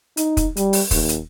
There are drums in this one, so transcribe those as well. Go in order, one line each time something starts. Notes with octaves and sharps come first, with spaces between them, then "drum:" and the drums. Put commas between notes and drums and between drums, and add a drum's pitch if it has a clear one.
D#4, drum: hi-hat
drum: kick, hi-hat
G3, drum: hi-hat
drum: open hi-hat
D#2, drum: kick, open hi-hat
drum: hi-hat